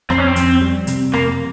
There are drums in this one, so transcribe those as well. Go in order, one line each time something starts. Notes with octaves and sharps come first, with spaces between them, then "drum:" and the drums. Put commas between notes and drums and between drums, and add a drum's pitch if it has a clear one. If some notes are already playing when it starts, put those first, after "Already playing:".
F2 C4, drum: rim click
C#4
C4
F2, drum: hi-hat
G3
C3, drum: hi-hat
F2 A#3, drum: rim click